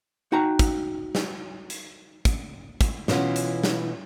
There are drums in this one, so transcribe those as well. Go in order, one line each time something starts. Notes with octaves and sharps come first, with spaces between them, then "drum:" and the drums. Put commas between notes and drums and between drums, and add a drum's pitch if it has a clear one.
D#4 F#4 G5 A#5
drum: kick, hi-hat
drum: snare
drum: hi-hat
drum: kick, hi-hat
drum: kick, hi-hat
B2 E3 C#4 F4 F#4, drum: snare
drum: hi-hat
drum: snare